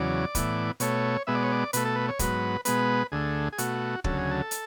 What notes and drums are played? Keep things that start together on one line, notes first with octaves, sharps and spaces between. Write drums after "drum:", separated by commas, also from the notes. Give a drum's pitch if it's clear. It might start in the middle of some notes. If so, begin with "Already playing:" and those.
Already playing: E2 C#3 F#3 D5
A2 E3 B3, drum: kick, hi-hat
B2 A3 C#5, drum: hi-hat
B2 G#3 B3 E5
D5
C#5
D5
B2 A3 B4, drum: hi-hat
A4
B4
C#5
G#2 F#3 B3 B4, drum: kick, hi-hat
B2 G#3 B3 B4, drum: hi-hat
D2 D3 A3 G#4
G#4
B2 A3 F#4, drum: hi-hat
D2 C#3 F#3 A4, drum: kick
G#4
A4
drum: hi-hat